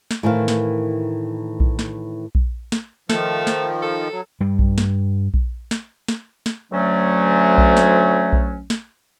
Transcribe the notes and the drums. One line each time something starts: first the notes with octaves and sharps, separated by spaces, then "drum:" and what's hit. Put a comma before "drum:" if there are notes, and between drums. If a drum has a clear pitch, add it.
drum: snare
A2 D#3 E3 A#4 C5 F5
drum: snare
drum: kick A#1
drum: snare
drum: kick A#1
drum: snare
D#3 F3 A3, drum: snare
drum: snare
A4
F#3
G2 G3
drum: kick A#1
drum: snare
drum: kick A#1
drum: snare
drum: snare
drum: snare
D2 F#3 A3 C#4
drum: kick A#1
drum: snare
drum: kick A#1
drum: snare